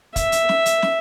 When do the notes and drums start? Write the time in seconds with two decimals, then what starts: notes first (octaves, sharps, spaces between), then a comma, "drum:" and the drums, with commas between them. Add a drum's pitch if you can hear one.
0.16 E5, drum: kick, hi-hat
0.32 drum: hi-hat
0.49 drum: snare
0.66 drum: hi-hat
0.82 drum: snare